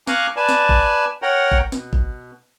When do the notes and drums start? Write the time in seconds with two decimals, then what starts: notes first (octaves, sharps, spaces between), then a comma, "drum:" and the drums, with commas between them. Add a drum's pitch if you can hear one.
0.07 F5 G#5 A#5 C#6 D6 F#6, drum: snare
0.36 B4 D5 G#5 A5
0.49 drum: snare
0.69 drum: kick
1.22 A#4 C#5 F#5 G5 A#5
1.52 drum: kick
1.72 B2, drum: snare
1.93 drum: kick